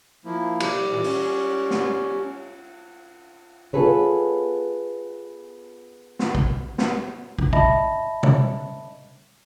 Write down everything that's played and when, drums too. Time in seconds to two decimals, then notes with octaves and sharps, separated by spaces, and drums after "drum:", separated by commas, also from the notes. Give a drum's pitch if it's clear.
0.25 F3 A#3 E4
0.60 G3, drum: cymbal
0.91 A#2 E3
1.04 C#4, drum: open hi-hat
1.71 drum: snare
3.73 B3 F4 G#4 A4 B4 C#5
6.19 drum: snare
6.35 drum: kick
6.78 drum: snare
7.39 drum: kick
7.53 D#5 E5 A5 B5 A#6, drum: kick
8.23 drum: tom